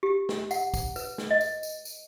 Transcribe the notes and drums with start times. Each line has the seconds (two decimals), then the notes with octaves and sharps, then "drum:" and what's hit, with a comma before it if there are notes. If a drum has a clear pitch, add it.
0.03 G4
0.29 drum: snare
0.51 F#5, drum: tambourine
0.74 drum: kick, tambourine
0.96 B4, drum: tambourine
1.18 drum: snare
1.31 D#5
1.41 drum: tambourine
1.63 drum: tambourine
1.85 drum: tambourine